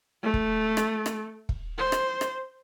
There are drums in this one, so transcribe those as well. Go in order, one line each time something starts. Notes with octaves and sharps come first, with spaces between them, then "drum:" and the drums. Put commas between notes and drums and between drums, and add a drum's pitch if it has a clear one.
A3
drum: kick
drum: rim click
drum: rim click
drum: kick
C5
drum: rim click
drum: rim click